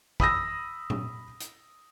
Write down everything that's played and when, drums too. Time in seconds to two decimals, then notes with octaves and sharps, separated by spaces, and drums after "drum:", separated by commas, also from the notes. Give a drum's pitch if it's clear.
0.20 B5 D#6 E6 A#6, drum: kick
0.90 drum: tom A#2
1.40 drum: hi-hat